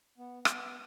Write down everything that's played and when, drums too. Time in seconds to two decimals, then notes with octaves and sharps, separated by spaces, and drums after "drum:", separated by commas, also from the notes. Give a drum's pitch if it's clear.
0.18 B3
0.45 B3, drum: rim click